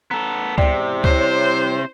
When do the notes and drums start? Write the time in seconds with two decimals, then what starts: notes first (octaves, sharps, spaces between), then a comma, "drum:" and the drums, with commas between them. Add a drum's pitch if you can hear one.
0.11 B3 A4 A#5
0.58 E2 G#2 C3 D5 G5, drum: kick C#2
1.04 E3 G3 C#4 C5, drum: kick C#2